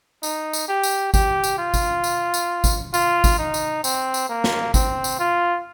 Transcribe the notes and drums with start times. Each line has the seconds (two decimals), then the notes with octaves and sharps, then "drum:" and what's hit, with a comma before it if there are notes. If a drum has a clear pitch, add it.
0.23 D#4, drum: tambourine
0.53 drum: tambourine
0.69 G4
0.84 drum: tambourine
1.14 G4, drum: kick, tambourine
1.44 drum: tambourine
1.58 F4
1.74 drum: kick, tambourine
2.04 drum: tambourine
2.34 drum: tambourine
2.64 drum: kick, tambourine
2.94 F4, drum: tambourine
3.24 drum: kick, tambourine
3.39 D#4
3.54 drum: tambourine
3.84 C4, drum: tambourine
4.14 drum: tambourine
4.29 A#3
4.44 drum: snare
4.74 C4, drum: kick, tambourine
5.04 drum: tambourine
5.19 F4